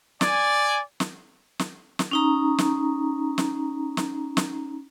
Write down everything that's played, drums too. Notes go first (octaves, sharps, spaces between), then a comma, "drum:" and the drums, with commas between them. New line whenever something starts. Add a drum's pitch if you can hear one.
D5 G#5, drum: snare
drum: snare
drum: snare
drum: snare
C#4 D#4 A#5
drum: snare
drum: snare
drum: snare
drum: snare